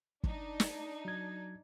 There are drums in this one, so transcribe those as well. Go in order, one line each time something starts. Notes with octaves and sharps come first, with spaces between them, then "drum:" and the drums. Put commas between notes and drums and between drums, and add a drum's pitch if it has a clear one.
D4 D#4, drum: kick
drum: snare
F#3 G#6